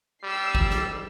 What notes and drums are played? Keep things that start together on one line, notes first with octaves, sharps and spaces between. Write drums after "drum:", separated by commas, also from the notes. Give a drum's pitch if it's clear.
G3 E6 C7
drum: kick
drum: snare